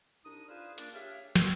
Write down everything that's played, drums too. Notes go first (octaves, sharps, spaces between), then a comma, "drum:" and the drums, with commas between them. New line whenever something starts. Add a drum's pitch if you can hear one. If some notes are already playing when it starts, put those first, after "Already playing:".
C2 D4 D#4 D#6
D4 F4 G#4 B4 C5 F5
A#3 D4, drum: hi-hat
G4 G#4 C#5 E5 F5
G2 B4 G5 E6, drum: snare